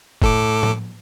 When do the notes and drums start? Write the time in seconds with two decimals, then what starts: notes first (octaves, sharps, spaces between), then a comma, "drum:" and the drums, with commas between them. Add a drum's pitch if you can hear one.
0.22 A2 A4 D6, drum: kick
0.63 drum: tom A2